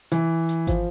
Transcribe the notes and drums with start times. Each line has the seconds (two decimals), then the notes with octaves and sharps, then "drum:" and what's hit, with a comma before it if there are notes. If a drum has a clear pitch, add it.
0.12 E3, drum: hi-hat
0.49 drum: hi-hat
0.67 F3, drum: kick G#1, hi-hat